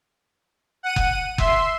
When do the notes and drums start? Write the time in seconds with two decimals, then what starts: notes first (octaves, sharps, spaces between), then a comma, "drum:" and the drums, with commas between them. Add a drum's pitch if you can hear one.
0.83 F#5 D#7
0.96 drum: kick F#1
1.38 E5 C6, drum: kick F#1